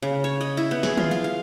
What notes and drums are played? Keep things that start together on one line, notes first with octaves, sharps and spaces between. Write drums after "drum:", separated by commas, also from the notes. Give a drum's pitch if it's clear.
C#3
C#5
D#5
E4
B3
G#4, drum: snare
F4, drum: tom
F5
F5